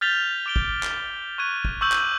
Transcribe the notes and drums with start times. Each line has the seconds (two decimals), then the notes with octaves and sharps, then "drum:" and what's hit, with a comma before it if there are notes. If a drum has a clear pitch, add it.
0.01 F6 G6 A6 B6 F7 G7
0.46 D6 D7 G7
0.56 drum: kick
0.83 drum: clap
1.38 C#6 F#6 G#6 D#7
1.65 drum: kick
1.81 C#6 D6 E6 G6 F#7
1.92 drum: clap